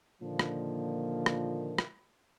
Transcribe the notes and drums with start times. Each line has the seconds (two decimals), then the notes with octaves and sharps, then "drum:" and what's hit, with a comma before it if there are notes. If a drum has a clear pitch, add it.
0.22 A#2 D3 D#3 F3 A#3
0.39 drum: rim click
1.26 drum: rim click
1.78 drum: rim click